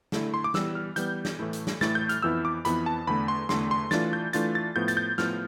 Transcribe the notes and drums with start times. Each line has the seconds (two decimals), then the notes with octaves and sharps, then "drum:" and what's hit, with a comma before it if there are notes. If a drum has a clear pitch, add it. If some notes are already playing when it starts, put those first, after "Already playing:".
0.12 D3 A3 E4, drum: snare
0.34 C6
0.44 D6
0.54 E3 G3 B3 E6, drum: snare
0.75 F6
0.96 E3 G3 B3 G6, drum: hi-hat
1.25 drum: snare
1.39 A2 E3 A3 E4
1.53 drum: hi-hat
1.67 drum: snare
1.81 A2 E3 A3 E4 A6, drum: snare
1.95 G6
2.09 F6, drum: hi-hat
2.22 F2 E3 B3 E4 E6
2.45 D6
2.65 F2 E3 B3 E4 B5, drum: hi-hat
2.86 A5
3.07 E2 D3 A3 B5
3.28 C6
3.49 E2 D3 A3 C6, drum: snare
3.71 C6
3.91 E3 A3 D4 F4 A6, drum: snare
4.13 G6
4.33 E3 A3 D4 F4 A6, drum: hi-hat
4.55 A6
4.76 A2 F3 B3 G6
4.88 A6, drum: hi-hat
4.97 G6
5.18 A2 F3 B3 F6, drum: snare